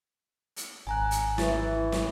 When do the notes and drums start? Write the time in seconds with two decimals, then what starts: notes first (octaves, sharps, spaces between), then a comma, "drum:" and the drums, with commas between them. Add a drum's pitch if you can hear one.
0.56 drum: hi-hat
0.87 G#1 G#5 A#5 F#6
1.11 drum: hi-hat
1.38 E3 C#6 A6, drum: snare
1.92 drum: snare